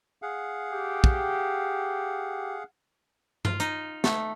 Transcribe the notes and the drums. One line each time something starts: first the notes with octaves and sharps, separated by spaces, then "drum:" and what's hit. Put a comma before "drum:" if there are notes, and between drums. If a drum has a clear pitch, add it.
G#4 F5 F#5
G4
drum: kick
F4, drum: tom G2
D#4, drum: hi-hat
A3, drum: snare